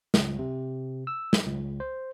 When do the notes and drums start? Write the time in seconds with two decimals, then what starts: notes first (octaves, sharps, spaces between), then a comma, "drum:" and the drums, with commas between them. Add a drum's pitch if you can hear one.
0.14 C#2, drum: snare
0.39 C3
1.07 E6
1.33 drum: snare
1.46 C#2
1.80 C5